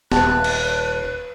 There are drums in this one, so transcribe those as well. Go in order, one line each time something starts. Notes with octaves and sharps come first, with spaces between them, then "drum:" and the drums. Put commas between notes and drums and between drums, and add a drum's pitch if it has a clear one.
D#1 B4 A5 F#6, drum: snare
drum: cymbal